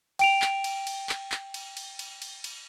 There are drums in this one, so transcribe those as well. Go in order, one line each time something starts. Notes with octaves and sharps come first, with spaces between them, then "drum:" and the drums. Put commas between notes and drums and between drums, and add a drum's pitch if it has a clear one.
G5 D7 F7, drum: cymbal
drum: clap
drum: cymbal
drum: cymbal
drum: clap
drum: clap
drum: cymbal
drum: cymbal
drum: cymbal
drum: cymbal
drum: cymbal